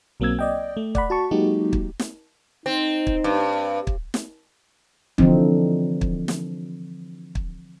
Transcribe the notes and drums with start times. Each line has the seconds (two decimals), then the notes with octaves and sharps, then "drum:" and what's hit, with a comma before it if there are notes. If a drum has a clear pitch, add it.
0.20 B1 F#3 A#3 C4 E6 G#6
0.39 D5 D#5 G5
0.77 A3
0.95 D5 F#5 B5, drum: kick
1.10 F#4 A5 C#6
1.31 F#3 G#3 A#3 D#4 F#4 G4
1.73 drum: kick
1.99 drum: snare
2.66 C4 D#4
3.07 drum: kick
3.24 G2
3.87 drum: kick
4.14 drum: snare
5.18 D3 E3 F3 C4 D#4, drum: kick
6.01 drum: kick
6.28 drum: snare
7.35 drum: kick